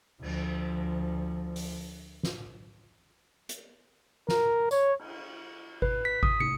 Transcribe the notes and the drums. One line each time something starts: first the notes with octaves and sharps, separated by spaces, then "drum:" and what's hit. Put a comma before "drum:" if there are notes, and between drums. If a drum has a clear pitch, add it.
D2 F3, drum: cymbal
drum: open hi-hat
drum: snare
drum: hi-hat
A#4, drum: snare
C#5, drum: tambourine
drum: cymbal
B4, drum: kick G#1
B6
D#6, drum: kick G#1
C#7, drum: tom